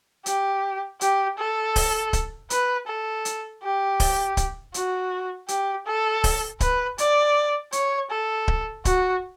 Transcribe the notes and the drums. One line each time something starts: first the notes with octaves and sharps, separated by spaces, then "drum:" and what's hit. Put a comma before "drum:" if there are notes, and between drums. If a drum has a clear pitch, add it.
G4, drum: hi-hat
G4, drum: hi-hat
A4
drum: kick D1, open hi-hat
drum: kick D1, hi-hat
B4, drum: hi-hat
A4
drum: hi-hat
G4
drum: kick D1, open hi-hat
drum: kick D1, hi-hat
F#4, drum: hi-hat
G4, drum: hi-hat
A4
drum: kick D1, open hi-hat
B4, drum: kick D1, hi-hat
D5, drum: hi-hat
C#5, drum: hi-hat
A4
drum: kick D1
F#4, drum: kick D1, hi-hat